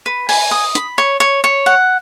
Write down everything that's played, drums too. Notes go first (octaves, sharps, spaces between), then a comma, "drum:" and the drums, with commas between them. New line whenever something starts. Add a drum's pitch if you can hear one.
B4
G#5, drum: open hi-hat
D#6
B5, drum: hi-hat
C#5
C#5
C#5
F#5